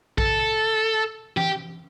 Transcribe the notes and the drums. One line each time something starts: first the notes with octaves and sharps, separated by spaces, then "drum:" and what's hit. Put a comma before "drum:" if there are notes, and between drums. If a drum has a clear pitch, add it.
A4, drum: kick A#1
G4, drum: tom E3